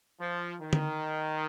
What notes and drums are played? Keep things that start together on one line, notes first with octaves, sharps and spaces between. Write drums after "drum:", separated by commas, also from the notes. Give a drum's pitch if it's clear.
F3
D#3
drum: tom D3